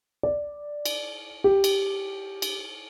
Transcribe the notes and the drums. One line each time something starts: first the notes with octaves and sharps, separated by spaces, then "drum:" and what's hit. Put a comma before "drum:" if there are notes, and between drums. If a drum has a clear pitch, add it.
D5
drum: cymbal
G4
drum: cymbal
drum: cymbal